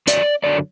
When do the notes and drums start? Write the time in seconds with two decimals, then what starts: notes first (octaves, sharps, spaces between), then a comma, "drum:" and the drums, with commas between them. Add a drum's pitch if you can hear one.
0.07 F#2 D3 F#3 D5, drum: hi-hat
0.44 F#2 D3 F#3 D5